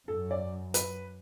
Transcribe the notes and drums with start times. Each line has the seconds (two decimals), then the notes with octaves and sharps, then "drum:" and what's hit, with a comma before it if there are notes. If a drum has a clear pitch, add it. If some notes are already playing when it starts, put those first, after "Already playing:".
0.08 F#2 A4
0.31 D5
0.74 B4, drum: hi-hat